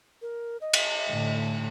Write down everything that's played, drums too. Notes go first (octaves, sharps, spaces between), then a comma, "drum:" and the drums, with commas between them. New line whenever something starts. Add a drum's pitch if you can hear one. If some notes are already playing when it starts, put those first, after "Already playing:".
A#4
D#5
drum: cymbal
A2 D3